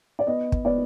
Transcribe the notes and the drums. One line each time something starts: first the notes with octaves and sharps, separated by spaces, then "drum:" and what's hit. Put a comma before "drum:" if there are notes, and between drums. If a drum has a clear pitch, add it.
D5
B3 D#5
drum: kick
B3 D5